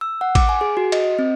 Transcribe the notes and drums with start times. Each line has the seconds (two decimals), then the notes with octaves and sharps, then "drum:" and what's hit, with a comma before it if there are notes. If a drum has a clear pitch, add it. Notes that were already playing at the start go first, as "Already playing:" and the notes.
0.01 E6
0.21 F#5
0.35 D6, drum: kick A1, cymbal
0.49 G#5
0.61 G#4
0.77 F#4
0.92 D#5, drum: cymbal
1.04 D#5
1.19 C4